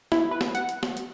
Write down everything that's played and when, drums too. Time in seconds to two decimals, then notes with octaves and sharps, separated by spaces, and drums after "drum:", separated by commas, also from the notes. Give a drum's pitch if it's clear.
0.12 E4, drum: snare
0.31 B4
0.41 drum: snare
0.55 F#5, drum: hi-hat
0.69 drum: hi-hat
0.83 drum: snare
0.97 drum: hi-hat